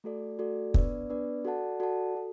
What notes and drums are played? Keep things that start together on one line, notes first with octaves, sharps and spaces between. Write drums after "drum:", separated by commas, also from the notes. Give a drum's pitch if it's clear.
A3 F#4 A4 D5
A3 F#4 A4 D5
B3 D4 B4 D5, drum: kick
B3 D4 B4 D5
F#4 A4 D5 F#5 A5
F#4 A4 D5 F#5 A5
F#4 A4